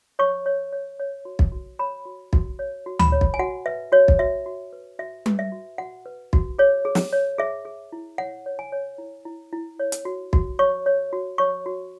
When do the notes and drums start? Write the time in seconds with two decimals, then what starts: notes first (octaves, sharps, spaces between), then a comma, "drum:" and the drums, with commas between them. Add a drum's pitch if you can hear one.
0.19 C#5 C#6
0.46 C#5
0.73 C#5
1.00 C#5
1.25 F#4
1.39 drum: kick
1.52 F#4
1.79 C#5 B5
2.05 F#4
2.33 F#4, drum: kick
2.59 C#5
2.86 F#4
2.99 B5, drum: tom D2
3.12 C#5
3.21 drum: kick
3.34 G#5
3.39 F#4 F#5
3.66 B4 E5
3.92 F#4 C#5
4.08 drum: kick
4.19 F#4 E5
4.46 F#4
4.73 B4
4.99 F#4 E5
5.26 B4, drum: tom G3
5.39 E5
5.52 F#4
5.78 F#4 F#5
6.06 B4
6.33 F#4, drum: kick
6.59 G#4 C#5
6.85 G#4
6.95 drum: snare
7.12 C#5
7.38 G#4 E5
7.65 G#4
7.92 E4
8.18 C#5 F#5
8.46 C#5
8.59 G#5
8.72 C#5
8.98 E4
9.25 E4
9.53 E4
9.79 C#5
9.92 drum: hi-hat
10.05 F#4
10.33 F#4, drum: kick
10.59 C#5 C#6
10.86 C#5
11.13 F#4
11.38 C#5 C#6
11.66 F#4